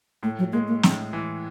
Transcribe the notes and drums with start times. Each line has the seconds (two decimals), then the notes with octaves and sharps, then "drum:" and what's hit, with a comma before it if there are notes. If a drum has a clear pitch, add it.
0.23 A2 A3
0.39 F#3
0.53 G#3 A#3
0.68 A#3
0.83 A2, drum: snare
1.13 E3